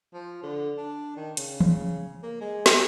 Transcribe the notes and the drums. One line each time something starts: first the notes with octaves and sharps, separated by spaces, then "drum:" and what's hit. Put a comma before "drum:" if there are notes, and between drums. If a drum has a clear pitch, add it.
F3
D3
D4
D#3
C#3, drum: hi-hat
drum: tom
A#3
G#3
drum: snare